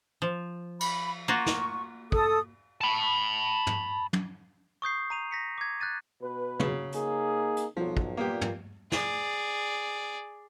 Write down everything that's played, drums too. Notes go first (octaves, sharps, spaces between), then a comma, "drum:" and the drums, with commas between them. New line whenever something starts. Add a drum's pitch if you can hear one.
F3
B5, drum: cymbal
A#3 F4 F#4 C#6
drum: snare
A4 D#6, drum: kick
A5 B5
drum: tom
drum: tom
C#6 D#6 G6 C7
A#5 D#7 F7
A#6 B6 C#7
D6 G#6
F#6 G6 A6 D#7
B2 B4
C#3 F#3, drum: tom
A#3 D#4 G#4, drum: hi-hat
drum: hi-hat
B1 F3 F#3
drum: kick
A#2 A#3 B3 G4
drum: tom
G#4 D5, drum: snare